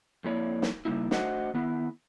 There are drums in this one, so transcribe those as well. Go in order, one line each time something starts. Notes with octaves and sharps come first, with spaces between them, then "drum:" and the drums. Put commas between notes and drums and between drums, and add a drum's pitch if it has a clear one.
F2 A#3 E4 C#5 D5
drum: snare
C#3 G3 A#3 D#4 E4
A3 D4 F#4 C5 D#5 F#5, drum: snare
D#3 B3 E4